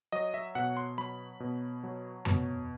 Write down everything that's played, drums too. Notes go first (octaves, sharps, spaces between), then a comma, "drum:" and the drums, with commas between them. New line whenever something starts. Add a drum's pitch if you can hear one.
F#3 D#5
E5
B2 F#5
C6
F#3 B5
B2
F#3
B2, drum: tom F2